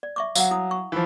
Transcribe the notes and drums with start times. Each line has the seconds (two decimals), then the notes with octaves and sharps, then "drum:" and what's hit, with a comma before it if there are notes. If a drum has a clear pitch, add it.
0.03 D5
0.16 E5 C#6 D6
0.35 F#3 F5 F#5, drum: tambourine
0.51 E4 D#6
0.71 C#6
0.92 E3 F3